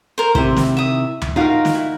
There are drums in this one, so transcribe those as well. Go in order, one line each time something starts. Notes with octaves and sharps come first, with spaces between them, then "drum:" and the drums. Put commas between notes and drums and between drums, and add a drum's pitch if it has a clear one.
A#4 C5
C3 D#3 E4 C5, drum: kick
drum: snare
E5 D#6
drum: tom D2
D#4 F4 F#4 A#4 F5 G5
drum: snare
E4